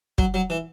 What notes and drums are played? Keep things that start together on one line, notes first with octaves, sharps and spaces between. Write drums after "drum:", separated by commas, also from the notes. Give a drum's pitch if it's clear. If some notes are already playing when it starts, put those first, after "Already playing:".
F#3, drum: kick
F#3
E3